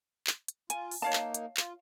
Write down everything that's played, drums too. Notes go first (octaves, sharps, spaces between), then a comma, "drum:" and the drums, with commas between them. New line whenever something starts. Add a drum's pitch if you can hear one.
drum: clap
drum: hi-hat
F4 G#5, drum: hi-hat
drum: open hi-hat
A#3 D#4 C#5 F5 A5
drum: clap
drum: hi-hat
F4, drum: clap